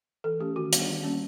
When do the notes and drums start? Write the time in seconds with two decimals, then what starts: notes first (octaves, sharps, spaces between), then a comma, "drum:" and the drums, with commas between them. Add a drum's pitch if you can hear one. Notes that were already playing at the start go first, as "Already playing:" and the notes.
0.24 E3 A4
0.39 A3 C#4 G4
0.56 D#3 F#4
0.73 G3 B3 D4, drum: hi-hat
0.88 D#3
1.04 G3 A#3 C#4